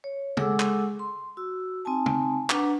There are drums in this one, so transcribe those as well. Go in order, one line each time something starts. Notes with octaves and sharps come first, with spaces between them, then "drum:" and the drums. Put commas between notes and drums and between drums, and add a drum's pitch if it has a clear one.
C#5
G#3 G#4 A4 F#5 D6 E6, drum: tom
drum: clap
C6
F#4 E6
C4 D#4 G#5 A5
drum: tom
D4 B4 F#5 A#5 D6, drum: clap